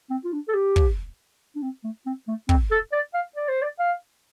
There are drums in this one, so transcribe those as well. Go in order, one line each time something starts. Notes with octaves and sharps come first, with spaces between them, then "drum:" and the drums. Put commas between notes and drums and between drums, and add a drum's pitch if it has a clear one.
C4
F4
D4
A4
G4
drum: kick
D4
C4
A3
C4
A3
C4, drum: kick
A4
D5
F5
D5
C5
D5
F5